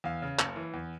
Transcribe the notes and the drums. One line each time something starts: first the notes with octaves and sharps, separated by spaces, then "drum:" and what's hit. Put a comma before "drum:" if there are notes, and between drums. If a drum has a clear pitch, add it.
E2 F5
C#3
F#1, drum: clap
E3
E2